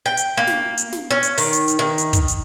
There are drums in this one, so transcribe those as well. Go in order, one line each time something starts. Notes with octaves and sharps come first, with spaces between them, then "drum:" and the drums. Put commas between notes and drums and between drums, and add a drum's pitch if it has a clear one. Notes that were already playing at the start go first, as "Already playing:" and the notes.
G5
drum: hi-hat
A#3
drum: snare
drum: hi-hat
drum: snare
C#4
drum: hi-hat
D#3, drum: open hi-hat
drum: hi-hat
drum: hi-hat
D#3
drum: hi-hat
drum: kick, hi-hat
drum: hi-hat